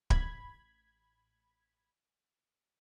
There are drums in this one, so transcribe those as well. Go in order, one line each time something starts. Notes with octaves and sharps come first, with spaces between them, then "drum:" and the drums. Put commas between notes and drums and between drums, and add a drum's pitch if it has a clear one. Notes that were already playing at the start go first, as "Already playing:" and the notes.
A1 B5 G#6, drum: kick D1